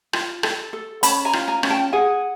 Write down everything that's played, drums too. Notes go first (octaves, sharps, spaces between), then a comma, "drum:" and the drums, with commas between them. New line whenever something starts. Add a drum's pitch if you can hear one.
F4, drum: rim click
A4, drum: rim click
A4
C#4 A5 B5, drum: hi-hat
G#5 A#5
F4, drum: rim click
G#5 A#5
C#4, drum: rim click
G5 A5
G#4 F#5 G#5